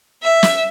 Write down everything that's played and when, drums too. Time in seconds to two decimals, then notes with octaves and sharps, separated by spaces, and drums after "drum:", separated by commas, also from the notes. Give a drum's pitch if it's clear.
0.23 E5
0.43 drum: snare